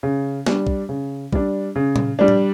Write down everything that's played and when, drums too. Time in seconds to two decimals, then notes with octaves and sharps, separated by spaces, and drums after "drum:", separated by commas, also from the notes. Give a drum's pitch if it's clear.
0.03 C#3
0.46 G3 D4, drum: snare
0.67 drum: kick
0.89 C#3
1.33 G3 D4, drum: kick
1.76 C#3
1.96 drum: tom A#2
2.19 G3 D4
2.28 drum: tom A2